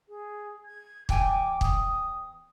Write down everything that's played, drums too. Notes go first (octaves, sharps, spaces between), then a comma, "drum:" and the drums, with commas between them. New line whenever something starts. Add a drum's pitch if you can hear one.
G#4
G#6
E2 G5 G#5 D6, drum: kick
D#6, drum: kick